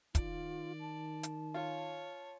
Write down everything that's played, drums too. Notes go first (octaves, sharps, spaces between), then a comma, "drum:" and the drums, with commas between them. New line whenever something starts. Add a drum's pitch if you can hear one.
D#3 F4 D5, drum: kick, hi-hat
A5
drum: hi-hat
F4 C#5